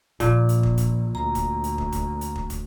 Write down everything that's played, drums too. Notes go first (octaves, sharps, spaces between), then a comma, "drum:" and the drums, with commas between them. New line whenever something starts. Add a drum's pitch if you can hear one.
A#1 A#2, drum: kick, hi-hat
drum: hi-hat
drum: kick
drum: kick, hi-hat
D2 A#5
drum: kick, hi-hat
drum: hi-hat
drum: kick
drum: kick, hi-hat
drum: hi-hat
drum: kick
drum: kick, hi-hat